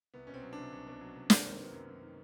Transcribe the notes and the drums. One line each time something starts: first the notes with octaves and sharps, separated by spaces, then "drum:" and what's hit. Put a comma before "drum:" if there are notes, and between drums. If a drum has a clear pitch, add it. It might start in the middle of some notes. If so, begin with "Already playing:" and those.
C2 B3
B2 C#4
C4
F#3
C2 D4
C2
B2
F#3
C2
F#2 A#3, drum: snare
D#3 C4
F#3 B3
F#2
F#2
D#3